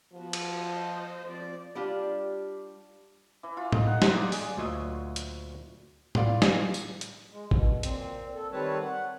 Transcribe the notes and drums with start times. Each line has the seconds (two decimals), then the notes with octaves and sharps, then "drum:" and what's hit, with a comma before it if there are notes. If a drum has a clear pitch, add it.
0.13 F3 B3 F#4
0.33 drum: cymbal
0.60 F4 C5 D#5
1.26 F3 C4 D5
1.75 G3 D4 F4 G4
3.43 E3
3.57 F4
3.72 D#4, drum: tom A2
3.87 F#5
4.02 F4, drum: snare
4.17 D5
4.32 G#4, drum: open hi-hat
4.57 D2 A#2 F#3 F4 D#5 E5
5.16 drum: hi-hat
6.15 E4 F4 D5 F5, drum: tom A2
6.42 drum: snare
6.74 drum: tambourine
7.01 drum: hi-hat
7.32 G#3
7.51 B2, drum: kick G#1
7.83 A#2 C4, drum: hi-hat
8.34 A4
8.52 D#3 G3 C4 B4 C#5 A5
8.81 F#5